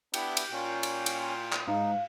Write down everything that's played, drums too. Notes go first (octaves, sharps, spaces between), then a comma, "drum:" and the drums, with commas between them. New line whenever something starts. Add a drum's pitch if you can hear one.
B3 D4 E4 G4 G5, drum: cymbal
drum: cymbal
A#2 C#4 F4
drum: cymbal
drum: cymbal
drum: clap
G#2 D#4 F5